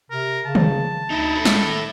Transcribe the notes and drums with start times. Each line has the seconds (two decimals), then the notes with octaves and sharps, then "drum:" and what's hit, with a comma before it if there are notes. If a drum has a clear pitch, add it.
0.11 C3 A#4
0.46 C#3 A5
0.55 drum: tom
1.10 D2 D#4 E4
1.36 A3 E4
1.45 drum: snare
1.62 D#3